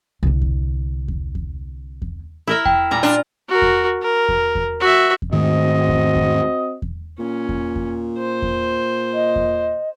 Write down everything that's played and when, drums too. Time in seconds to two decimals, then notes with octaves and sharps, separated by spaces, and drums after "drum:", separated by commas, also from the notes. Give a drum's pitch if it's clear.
0.23 C2 D3
0.42 drum: kick E2
1.08 drum: kick E2
1.35 drum: kick E2
2.02 drum: kick E2
2.47 E4 A#4 E5
2.65 G5, drum: kick E2
2.91 A#2 G3 A#5
3.03 D4 F4
3.49 F#4 A#4
3.62 drum: kick E2
4.02 A#4
4.29 drum: kick E2
4.55 drum: kick E2
4.80 F#4 E5
5.22 drum: kick E2
5.32 G#2 D#3 A3 C4 F#4 D#5
5.89 drum: kick E2
6.15 drum: kick E2
6.82 drum: kick E2
7.19 A#2 C#4
7.49 drum: kick E2
7.76 drum: kick E2
8.18 C5
8.42 drum: kick E2
9.14 D#5
9.36 drum: kick E2